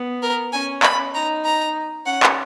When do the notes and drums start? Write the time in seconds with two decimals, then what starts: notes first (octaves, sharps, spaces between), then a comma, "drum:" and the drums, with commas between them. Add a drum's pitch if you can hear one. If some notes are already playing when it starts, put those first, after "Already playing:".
Already playing: B3
0.23 A#4
0.53 C#4 G#5
0.83 B5, drum: clap
1.14 D#4 A#5
1.45 A#5
2.06 C#4 F#5
2.23 drum: clap